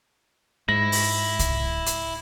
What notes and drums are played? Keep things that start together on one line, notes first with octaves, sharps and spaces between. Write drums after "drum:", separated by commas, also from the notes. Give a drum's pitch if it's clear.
G#2 E4 A#6
drum: open hi-hat
drum: kick C2, hi-hat
drum: hi-hat